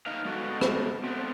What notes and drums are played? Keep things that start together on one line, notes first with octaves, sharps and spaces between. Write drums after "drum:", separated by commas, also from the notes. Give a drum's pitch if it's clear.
D#4 B4 D#5 F5
G#3 B3 F#4 A4 B4 D#5
drum: rim click
A3 B3 C4